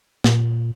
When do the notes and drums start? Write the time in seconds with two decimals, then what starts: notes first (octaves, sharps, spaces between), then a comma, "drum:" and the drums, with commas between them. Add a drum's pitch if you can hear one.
0.24 A#2, drum: snare